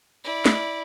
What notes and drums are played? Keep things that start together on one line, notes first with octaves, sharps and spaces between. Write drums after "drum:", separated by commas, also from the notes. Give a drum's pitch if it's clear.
E4 D5
drum: snare